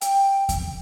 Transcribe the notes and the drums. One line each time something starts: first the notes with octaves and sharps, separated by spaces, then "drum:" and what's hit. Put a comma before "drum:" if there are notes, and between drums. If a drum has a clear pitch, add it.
G5, drum: hi-hat
drum: kick E2, hi-hat